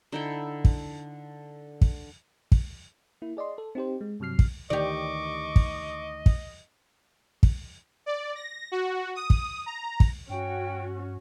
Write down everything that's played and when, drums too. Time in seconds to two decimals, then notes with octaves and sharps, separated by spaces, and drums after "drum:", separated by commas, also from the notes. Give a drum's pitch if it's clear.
0.12 D3 D#4 E4 G5
0.65 drum: kick
1.81 drum: kick
2.52 drum: kick
3.22 A#3 E4
3.37 G#4 D5 D#5 C6
3.58 A4
3.75 C4 D#4 G4 C5
4.01 G#3
4.20 G2 C3 F#3 F6 C7
4.39 drum: kick
4.70 D2 D#3 E3 G4 D5 D#5 C#6 D6
5.56 drum: kick
6.26 drum: kick
7.43 drum: kick
8.06 D5
8.35 A#6
8.72 F#4
9.15 D#6
9.30 drum: kick
9.66 A#5
10.00 drum: kick
10.30 G2 C#4 F#4 G5